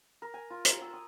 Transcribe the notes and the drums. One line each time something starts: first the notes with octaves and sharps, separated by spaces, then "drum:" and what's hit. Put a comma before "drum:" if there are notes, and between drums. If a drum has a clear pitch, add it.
A#4
G#5
F4
A#5, drum: hi-hat
E6
D#6